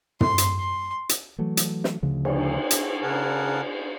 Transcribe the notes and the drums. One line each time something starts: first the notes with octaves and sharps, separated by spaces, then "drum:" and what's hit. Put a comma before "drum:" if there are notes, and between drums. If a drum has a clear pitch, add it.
C6, drum: tom
drum: hi-hat
C6
drum: hi-hat
E3 F#3 A3
drum: hi-hat
drum: snare
D2 C#3 F3
drum: cymbal
drum: hi-hat
C#3 A#4 F#5 G#5 A5